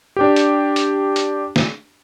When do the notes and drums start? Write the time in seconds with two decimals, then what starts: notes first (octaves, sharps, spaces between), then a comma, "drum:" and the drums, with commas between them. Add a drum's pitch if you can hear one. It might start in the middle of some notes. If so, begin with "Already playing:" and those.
0.16 D4 G4
0.36 drum: hi-hat
0.76 drum: hi-hat
1.16 drum: hi-hat
1.56 drum: snare